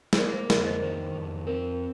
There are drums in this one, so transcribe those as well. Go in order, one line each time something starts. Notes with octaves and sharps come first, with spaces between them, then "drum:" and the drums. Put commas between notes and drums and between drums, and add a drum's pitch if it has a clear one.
C5, drum: snare
A#3 A#4 D5
C5
F2 A#4 D5, drum: snare
C5 D#5
D#3 C5
F2
C4 A#4